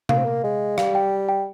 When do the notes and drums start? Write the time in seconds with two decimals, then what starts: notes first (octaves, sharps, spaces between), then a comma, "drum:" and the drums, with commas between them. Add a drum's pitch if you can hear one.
0.09 A#3 F5, drum: tom C3
0.18 C4
0.25 A#3
0.44 G#3
0.78 G3 F5, drum: rim click
0.95 G5
1.28 G5